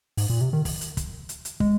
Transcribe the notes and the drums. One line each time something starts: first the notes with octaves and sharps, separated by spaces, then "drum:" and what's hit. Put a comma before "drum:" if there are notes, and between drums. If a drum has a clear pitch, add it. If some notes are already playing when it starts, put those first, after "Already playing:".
G#2, drum: open hi-hat
A#2
C3
D#3
drum: kick, open hi-hat
drum: hi-hat
drum: kick, hi-hat
drum: hi-hat
drum: hi-hat
G#3, drum: kick